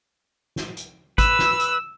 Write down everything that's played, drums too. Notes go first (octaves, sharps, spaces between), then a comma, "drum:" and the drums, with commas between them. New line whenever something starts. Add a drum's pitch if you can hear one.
drum: snare
drum: hi-hat
B4 E6, drum: kick G#1, hi-hat
drum: snare
drum: hi-hat